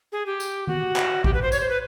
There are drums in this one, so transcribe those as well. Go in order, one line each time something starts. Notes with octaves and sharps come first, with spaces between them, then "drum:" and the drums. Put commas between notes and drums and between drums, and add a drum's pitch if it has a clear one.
G#4
G4
drum: tambourine
F#4, drum: tom D#3
drum: clap
G4, drum: kick A1
B4
C5
C#5, drum: tambourine
C5
B4